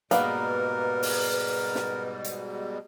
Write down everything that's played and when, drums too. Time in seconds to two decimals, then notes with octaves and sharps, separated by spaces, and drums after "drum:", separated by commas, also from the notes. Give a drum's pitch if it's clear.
0.11 G#2 B2 G3 A#3 B3 D#4 A#4 B4, drum: hi-hat
1.03 drum: open hi-hat
1.75 drum: snare
2.24 drum: hi-hat